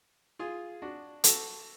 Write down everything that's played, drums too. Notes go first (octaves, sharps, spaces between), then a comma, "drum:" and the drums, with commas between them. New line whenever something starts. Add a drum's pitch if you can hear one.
F4 G#4
D4 F#4
F#4 A4, drum: hi-hat